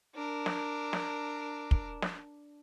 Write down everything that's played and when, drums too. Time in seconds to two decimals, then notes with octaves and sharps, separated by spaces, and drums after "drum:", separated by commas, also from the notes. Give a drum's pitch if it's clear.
0.15 D4 A#4
0.46 drum: snare
0.93 drum: snare
1.71 drum: kick
2.02 drum: snare